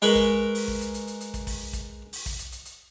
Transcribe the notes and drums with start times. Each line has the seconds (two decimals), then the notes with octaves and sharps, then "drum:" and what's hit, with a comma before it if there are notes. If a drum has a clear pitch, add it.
0.02 G#3 A#4 B4 B5 C#6, drum: hi-hat
0.15 drum: kick, hi-hat
0.55 drum: open hi-hat
0.68 drum: kick
0.81 drum: hi-hat
0.94 drum: hi-hat
1.07 drum: hi-hat
1.21 drum: hi-hat
1.34 drum: kick, hi-hat
1.47 drum: kick, open hi-hat
1.73 drum: kick, hi-hat
2.13 drum: open hi-hat
2.26 drum: kick, hi-hat
2.39 drum: hi-hat
2.52 drum: hi-hat
2.65 drum: hi-hat